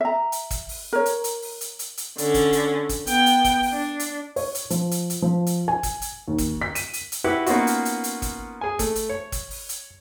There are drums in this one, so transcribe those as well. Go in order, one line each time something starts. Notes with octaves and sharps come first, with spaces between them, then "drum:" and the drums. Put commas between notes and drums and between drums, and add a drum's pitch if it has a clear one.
E5 A#5
drum: hi-hat
drum: kick, hi-hat
drum: open hi-hat
A#4 C#5
drum: hi-hat
drum: hi-hat
drum: open hi-hat
drum: hi-hat
drum: hi-hat
drum: hi-hat
D3 C#4, drum: hi-hat
drum: kick, hi-hat
drum: hi-hat
drum: kick, hi-hat
B3 G5, drum: hi-hat
drum: hi-hat
drum: kick, hi-hat
drum: open hi-hat
D4
drum: hi-hat
C#5, drum: open hi-hat
drum: hi-hat
F3, drum: hi-hat
drum: hi-hat
drum: hi-hat
F3
drum: hi-hat
G#5
drum: kick, hi-hat
drum: hi-hat
D#2
drum: kick, hi-hat
B6
D#7, drum: hi-hat
drum: hi-hat
drum: hi-hat
E4 F#4 G4 B4 F#5
A#3 B3 C#4 D#4 F4 F#4, drum: hi-hat
drum: hi-hat
drum: hi-hat
drum: hi-hat
drum: kick, hi-hat
G#4 G#5
A3, drum: kick, hi-hat
drum: hi-hat
C#5
drum: kick, hi-hat
drum: open hi-hat
drum: hi-hat